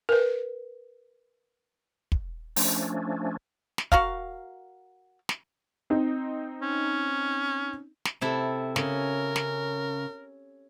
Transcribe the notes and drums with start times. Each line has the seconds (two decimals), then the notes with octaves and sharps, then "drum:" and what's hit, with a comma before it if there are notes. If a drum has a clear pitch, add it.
0.09 A#4 B4
2.12 drum: kick
2.56 F3 A3 C#4 D4, drum: open hi-hat
3.78 drum: snare
3.92 F#4 A#4 F5, drum: kick
5.29 drum: snare
5.90 C4 D#4
6.62 C#4
8.05 drum: snare
8.21 C3 E4 A4
8.76 C#3 C#4 A#4, drum: snare
9.36 drum: snare